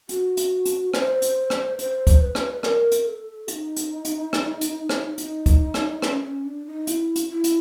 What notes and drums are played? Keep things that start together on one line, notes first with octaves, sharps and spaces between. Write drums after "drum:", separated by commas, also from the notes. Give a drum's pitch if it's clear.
F#4, drum: hi-hat
drum: hi-hat
drum: hi-hat
C5, drum: rim click
drum: hi-hat
drum: rim click
C5, drum: hi-hat
drum: kick, hi-hat
B4
drum: rim click
A#4, drum: rim click
drum: hi-hat
A4
D#4, drum: hi-hat
drum: hi-hat
drum: hi-hat
drum: rim click
drum: hi-hat
drum: rim click
D#4, drum: hi-hat
drum: kick, hi-hat
drum: rim click
C#4, drum: rim click
C#4
D4
D#4
E4, drum: hi-hat
drum: hi-hat
E4
drum: hi-hat